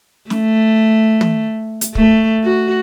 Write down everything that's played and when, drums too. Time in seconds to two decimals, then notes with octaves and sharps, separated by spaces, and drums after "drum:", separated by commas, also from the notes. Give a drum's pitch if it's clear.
0.30 A3, drum: snare
1.21 drum: tom
1.81 drum: hi-hat
1.95 A3, drum: kick
2.44 F#4